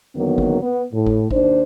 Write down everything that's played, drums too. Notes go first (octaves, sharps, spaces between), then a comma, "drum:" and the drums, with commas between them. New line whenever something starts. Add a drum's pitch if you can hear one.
E2 D3 D#3 F#3 A#3 B3
drum: kick G#1
B3
A2
drum: kick G#1
D#2 D4 D#4 C5, drum: kick G#1